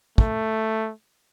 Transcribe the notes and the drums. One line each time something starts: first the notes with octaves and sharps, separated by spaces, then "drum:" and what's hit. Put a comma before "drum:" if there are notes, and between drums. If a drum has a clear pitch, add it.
A3, drum: kick